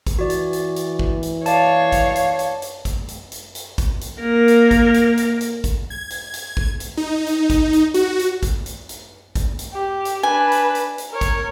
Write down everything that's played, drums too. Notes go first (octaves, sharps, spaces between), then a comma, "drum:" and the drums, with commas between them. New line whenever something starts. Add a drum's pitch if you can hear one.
drum: kick G#1, hi-hat
E3 F#4 D5
drum: hi-hat
drum: hi-hat
drum: hi-hat
drum: kick G#1
drum: hi-hat
C#5 D5 F5 A5, drum: hi-hat
drum: kick G#1, hi-hat
drum: hi-hat
drum: hi-hat
drum: hi-hat
drum: kick G#1, hi-hat
drum: hi-hat
drum: hi-hat
drum: hi-hat
drum: kick G#1, hi-hat
drum: hi-hat
A#3 A#4
drum: hi-hat
drum: kick G#1, hi-hat
drum: hi-hat
drum: hi-hat
drum: hi-hat
drum: kick G#1, hi-hat
G#6
drum: hi-hat
drum: hi-hat
drum: kick G#1
drum: hi-hat
D#4
drum: hi-hat
drum: kick G#1, hi-hat
drum: hi-hat
F#4, drum: hi-hat
drum: hi-hat
drum: kick G#1, hi-hat
drum: hi-hat
drum: hi-hat
drum: kick G#1, hi-hat
drum: hi-hat
G4
drum: hi-hat
D4 B4 G#5
drum: hi-hat
drum: hi-hat
drum: hi-hat
A#4 C#5
drum: kick G#1, hi-hat